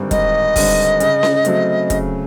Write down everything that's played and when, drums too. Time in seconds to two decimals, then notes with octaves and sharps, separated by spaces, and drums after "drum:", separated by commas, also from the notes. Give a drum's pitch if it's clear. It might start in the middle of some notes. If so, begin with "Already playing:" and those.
Already playing: G#1 G2 D3 G3 C4
0.11 G#1 D#5, drum: kick, hi-hat
0.56 G2 D3 G3 C4, drum: kick, open hi-hat
1.00 C#3, drum: hi-hat
1.23 drum: snare C#4
1.45 F#3 A3 C4, drum: hi-hat
1.90 C#3, drum: kick, hi-hat